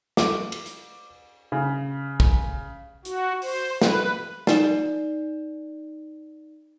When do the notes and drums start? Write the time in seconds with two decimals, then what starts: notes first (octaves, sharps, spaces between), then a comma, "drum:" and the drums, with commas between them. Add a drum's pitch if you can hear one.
0.17 D6, drum: snare
0.52 drum: cymbal
0.66 drum: hi-hat
1.52 C#3
2.20 drum: kick
3.05 F#4, drum: hi-hat
3.42 C5, drum: open hi-hat
3.82 B4, drum: snare
4.47 D#4 D5, drum: snare